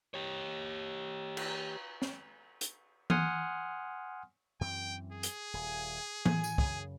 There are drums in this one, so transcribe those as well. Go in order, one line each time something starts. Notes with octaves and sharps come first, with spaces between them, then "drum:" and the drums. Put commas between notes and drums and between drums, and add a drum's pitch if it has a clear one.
G4 C#5
drum: cymbal
drum: snare
drum: hi-hat
F#5 G#5 C6 D#6 F6, drum: tom E3
F#2 E3 C4 G5
G#4
drum: hi-hat
D#1 G#5
A2 G#5, drum: tom E3
drum: tambourine
F#2 C#3 G#4, drum: kick